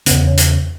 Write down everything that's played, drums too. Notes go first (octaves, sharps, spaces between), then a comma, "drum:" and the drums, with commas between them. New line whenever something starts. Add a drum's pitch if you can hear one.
E2 C#3 B3, drum: hi-hat
C#4
drum: hi-hat